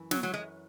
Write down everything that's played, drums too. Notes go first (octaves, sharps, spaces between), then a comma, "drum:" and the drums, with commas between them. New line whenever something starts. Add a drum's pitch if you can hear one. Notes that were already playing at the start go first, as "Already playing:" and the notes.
Already playing: F#2 E3
F#3, drum: snare
F#3
G#3